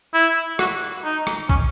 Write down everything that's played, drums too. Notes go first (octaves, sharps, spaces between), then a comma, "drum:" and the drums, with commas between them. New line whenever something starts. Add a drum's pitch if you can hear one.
E4
F#4, drum: rim click
D#4
drum: rim click
C#4, drum: kick